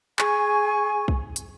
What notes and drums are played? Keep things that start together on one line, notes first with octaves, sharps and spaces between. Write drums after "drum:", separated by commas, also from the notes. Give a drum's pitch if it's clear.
G#4 G#5 C#6, drum: clap
drum: kick B1
drum: hi-hat